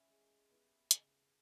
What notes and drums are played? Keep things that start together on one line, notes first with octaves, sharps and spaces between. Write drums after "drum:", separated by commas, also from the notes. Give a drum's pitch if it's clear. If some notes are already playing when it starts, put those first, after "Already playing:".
Already playing: A#3 C#4 E4
G#3
B3 E4 G4
C#3, drum: hi-hat